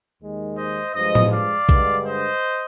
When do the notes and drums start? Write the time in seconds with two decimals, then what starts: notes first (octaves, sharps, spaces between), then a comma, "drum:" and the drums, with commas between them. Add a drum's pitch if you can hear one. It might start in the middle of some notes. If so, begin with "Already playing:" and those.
0.21 D#2 D#3 G#3
0.57 C5 D#5
0.94 G2 F3 G#3 C5 D#5
1.15 drum: tom A2
1.32 D5 F5
1.69 G2 D3 G#3, drum: kick A#1
2.05 C5 D#5